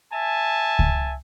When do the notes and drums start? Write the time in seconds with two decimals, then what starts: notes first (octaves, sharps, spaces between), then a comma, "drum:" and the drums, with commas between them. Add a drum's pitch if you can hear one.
0.13 E5 G#5 A5
0.79 drum: kick C#2